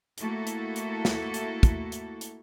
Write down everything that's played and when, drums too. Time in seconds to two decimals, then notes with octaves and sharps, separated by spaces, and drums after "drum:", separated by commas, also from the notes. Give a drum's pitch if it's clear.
0.18 A3 A#3 E4 F#4 A4, drum: hi-hat
0.47 drum: hi-hat
0.76 drum: hi-hat
1.05 drum: snare
1.34 drum: hi-hat
1.63 drum: kick, hi-hat
1.92 drum: hi-hat
2.21 drum: hi-hat